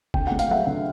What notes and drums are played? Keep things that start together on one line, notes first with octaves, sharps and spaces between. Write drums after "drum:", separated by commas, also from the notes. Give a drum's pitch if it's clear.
D3 G5, drum: kick
A3 F#5
F5, drum: hi-hat
F#3 E5 F#5
D3